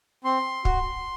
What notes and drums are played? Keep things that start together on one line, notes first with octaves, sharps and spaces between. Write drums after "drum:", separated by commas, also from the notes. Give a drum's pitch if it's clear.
C4 C6
F#4, drum: kick